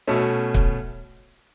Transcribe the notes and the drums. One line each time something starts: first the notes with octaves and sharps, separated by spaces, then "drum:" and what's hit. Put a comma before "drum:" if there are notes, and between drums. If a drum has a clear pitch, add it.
B2 A3 C#4
drum: kick